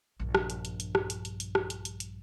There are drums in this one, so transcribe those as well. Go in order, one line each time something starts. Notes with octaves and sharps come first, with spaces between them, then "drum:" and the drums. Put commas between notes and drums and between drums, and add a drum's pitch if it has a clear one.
A#1 G2
drum: rim click
drum: hi-hat
drum: hi-hat
drum: hi-hat
drum: rim click
drum: hi-hat
drum: hi-hat
drum: hi-hat
drum: rim click
drum: hi-hat
drum: hi-hat
drum: hi-hat